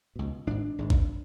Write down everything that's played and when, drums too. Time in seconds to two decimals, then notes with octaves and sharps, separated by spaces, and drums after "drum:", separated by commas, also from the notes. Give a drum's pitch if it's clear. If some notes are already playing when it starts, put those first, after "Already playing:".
0.16 C#2 B2
0.47 G#1 G#2 D4
0.78 G#1 G#2
0.90 drum: kick G#1